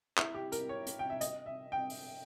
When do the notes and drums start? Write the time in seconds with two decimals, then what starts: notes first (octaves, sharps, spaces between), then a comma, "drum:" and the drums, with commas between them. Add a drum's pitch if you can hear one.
0.18 E4, drum: clap
0.34 G4
0.52 A#4, drum: hi-hat
0.69 C#5
0.86 drum: hi-hat
0.99 G5
1.10 E5
1.21 D#5, drum: hi-hat
1.46 E5
1.72 G5
1.89 drum: open hi-hat